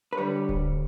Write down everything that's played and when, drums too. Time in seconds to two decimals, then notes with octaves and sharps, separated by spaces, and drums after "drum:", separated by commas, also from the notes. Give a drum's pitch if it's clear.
0.13 B4
0.17 D3 G3 C#5
0.49 D2, drum: kick D1